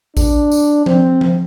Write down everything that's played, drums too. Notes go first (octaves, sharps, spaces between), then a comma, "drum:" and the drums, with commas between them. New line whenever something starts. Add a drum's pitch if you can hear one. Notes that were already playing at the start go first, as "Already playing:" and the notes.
D4, drum: kick A1, tambourine
drum: tambourine
C4, drum: tom F3
drum: tom F3